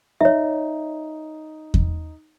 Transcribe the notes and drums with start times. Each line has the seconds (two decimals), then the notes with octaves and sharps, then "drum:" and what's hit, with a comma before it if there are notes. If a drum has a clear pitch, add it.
0.21 D#4 C#5 E5
1.74 drum: kick E2